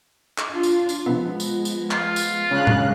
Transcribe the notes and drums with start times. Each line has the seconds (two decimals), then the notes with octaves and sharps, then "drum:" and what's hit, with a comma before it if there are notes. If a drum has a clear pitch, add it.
0.38 drum: clap
0.50 D4 F4
0.63 drum: tambourine
0.89 drum: tambourine
1.06 F3 G#3 B3
1.40 drum: tambourine
1.65 drum: tambourine
1.91 F4, drum: clap
2.16 drum: tambourine
2.50 C#3 G#3 A#3 D4 F5 F#6
2.67 drum: tom A2